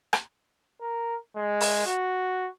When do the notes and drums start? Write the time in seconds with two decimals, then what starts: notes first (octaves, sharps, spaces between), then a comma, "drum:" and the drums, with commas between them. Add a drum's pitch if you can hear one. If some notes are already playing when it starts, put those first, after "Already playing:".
0.13 drum: rim click
0.81 A#4
1.36 G#3
1.61 drum: open hi-hat
1.86 F#4